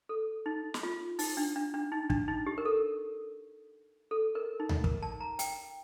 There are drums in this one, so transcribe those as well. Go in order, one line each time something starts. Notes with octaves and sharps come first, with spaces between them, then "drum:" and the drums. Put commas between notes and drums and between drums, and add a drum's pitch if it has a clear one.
A4
D#4
drum: snare
F4
D#4, drum: open hi-hat
D4
D4
D4
D#4
D4, drum: kick
D#4
G4
A#4
A4
A4
A#4
D#4
drum: tom D2
A#4, drum: kick
A5
A#5
G5, drum: hi-hat